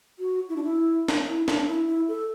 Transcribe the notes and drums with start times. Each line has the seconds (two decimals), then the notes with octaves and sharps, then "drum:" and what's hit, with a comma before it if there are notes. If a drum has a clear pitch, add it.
0.19 F#4
0.49 E4
0.56 D4
0.63 E4
1.08 drum: snare
1.28 E4
1.48 D4, drum: snare
1.68 E4
1.87 E4
2.08 A4